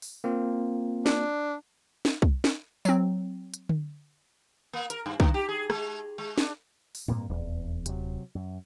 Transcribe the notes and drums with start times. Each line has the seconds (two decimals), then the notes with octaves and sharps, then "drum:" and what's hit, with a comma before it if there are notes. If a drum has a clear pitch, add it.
0.02 drum: open hi-hat
0.24 A#3 C4 F4
1.06 D4, drum: snare
2.05 drum: snare
2.22 drum: kick
2.44 drum: snare
2.85 F#3 C4, drum: tambourine
3.54 drum: hi-hat
3.69 drum: tom D3
4.73 A#3
4.90 A#4, drum: hi-hat
5.06 G2
5.20 D3, drum: kick
5.34 G4
5.49 G#4
5.70 G#3, drum: rim click
6.18 G#3
6.38 D4, drum: snare
6.95 drum: open hi-hat
7.08 G2 A#3 C4, drum: tom A2
7.30 D#1 E2
7.86 C3 F#3, drum: hi-hat
8.35 F#2